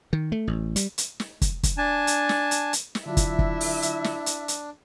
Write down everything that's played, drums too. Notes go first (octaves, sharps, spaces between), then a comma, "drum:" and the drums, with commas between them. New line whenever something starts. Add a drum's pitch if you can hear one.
D#3
A3
A1
G3, drum: hi-hat
drum: hi-hat
drum: snare
drum: kick, hi-hat
drum: kick, hi-hat
D4 G#5 A5
drum: hi-hat
drum: snare
drum: hi-hat
drum: hi-hat
drum: snare
D3 F#3 D4 E4 F4 E5
drum: kick, hi-hat
drum: kick
drum: open hi-hat
drum: hi-hat
drum: snare
drum: hi-hat
drum: hi-hat